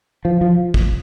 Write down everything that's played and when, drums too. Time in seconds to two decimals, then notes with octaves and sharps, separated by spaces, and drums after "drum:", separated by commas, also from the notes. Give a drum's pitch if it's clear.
0.25 F3
0.41 F3
0.74 drum: kick